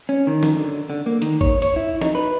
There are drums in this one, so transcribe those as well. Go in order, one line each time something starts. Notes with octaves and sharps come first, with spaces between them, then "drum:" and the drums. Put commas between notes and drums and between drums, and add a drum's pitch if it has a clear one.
C#4
D#3
drum: snare
D3
D3
A#3
D#3, drum: hi-hat
C#5, drum: kick A1
C#5, drum: hi-hat
E4
D#4, drum: snare
B4